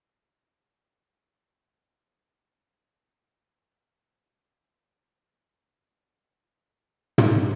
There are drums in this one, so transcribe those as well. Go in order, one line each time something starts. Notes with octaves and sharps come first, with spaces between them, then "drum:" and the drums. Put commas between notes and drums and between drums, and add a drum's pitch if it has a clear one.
G4
A4
B4
A4
A4
A4
B4
G4
F#4
E4
A3
B3
D4
drum: tom